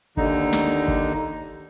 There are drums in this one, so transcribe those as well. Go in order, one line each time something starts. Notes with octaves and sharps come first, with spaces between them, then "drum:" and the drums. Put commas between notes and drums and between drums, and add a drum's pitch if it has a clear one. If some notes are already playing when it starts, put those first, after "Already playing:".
D#2 D3 D#4, drum: kick
drum: snare
drum: kick